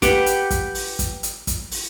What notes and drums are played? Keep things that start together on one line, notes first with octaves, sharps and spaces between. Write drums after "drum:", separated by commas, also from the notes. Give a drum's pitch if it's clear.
G4 B4 F#5, drum: kick, hi-hat
drum: hi-hat
drum: kick, hi-hat
drum: open hi-hat
drum: kick, hi-hat
drum: hi-hat
drum: kick, hi-hat
drum: open hi-hat